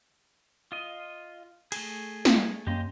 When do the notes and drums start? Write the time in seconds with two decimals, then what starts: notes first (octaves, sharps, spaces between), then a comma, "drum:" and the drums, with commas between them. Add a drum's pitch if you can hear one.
0.72 F4 D#5
1.72 A3 G#4, drum: cymbal
2.25 drum: snare
2.67 F#2 A#3 C#4 G4 D#5 C6